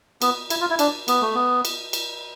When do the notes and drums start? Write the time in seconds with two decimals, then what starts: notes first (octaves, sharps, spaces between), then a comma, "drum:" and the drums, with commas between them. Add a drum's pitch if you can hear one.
0.22 B3, drum: cymbal
0.50 E4, drum: cymbal
0.61 F4
0.70 E4
0.79 D4, drum: cymbal
1.08 B3, drum: cymbal
1.22 A3
1.35 B3
1.65 drum: cymbal
1.93 drum: cymbal